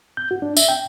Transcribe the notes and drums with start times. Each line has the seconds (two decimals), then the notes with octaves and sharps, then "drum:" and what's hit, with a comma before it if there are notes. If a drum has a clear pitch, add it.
0.17 G6
0.31 F#4
0.42 D4
0.57 E5, drum: tambourine
0.69 G5